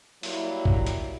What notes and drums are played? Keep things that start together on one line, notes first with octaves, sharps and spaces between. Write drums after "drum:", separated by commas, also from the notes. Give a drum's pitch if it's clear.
F#3 G3 A#3 E4, drum: open hi-hat
drum: kick
drum: hi-hat